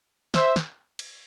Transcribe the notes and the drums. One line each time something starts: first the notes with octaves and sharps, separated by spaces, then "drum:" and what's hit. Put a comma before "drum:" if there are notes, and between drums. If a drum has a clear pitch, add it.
C5 E5, drum: snare
drum: snare
drum: cymbal